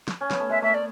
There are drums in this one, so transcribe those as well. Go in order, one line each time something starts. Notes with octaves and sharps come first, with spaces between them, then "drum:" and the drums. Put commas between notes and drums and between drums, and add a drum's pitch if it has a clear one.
drum: snare
C#4
B3, drum: snare
A3
G#3 E5
A3 E5
D5